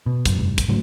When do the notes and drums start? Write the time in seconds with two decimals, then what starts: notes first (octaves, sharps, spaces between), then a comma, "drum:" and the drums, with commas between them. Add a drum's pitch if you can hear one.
0.06 B2
0.25 G#1 F#2, drum: kick, hi-hat
0.37 F1 G2
0.58 drum: kick, hi-hat
0.68 G#2 C#3 F#3 A3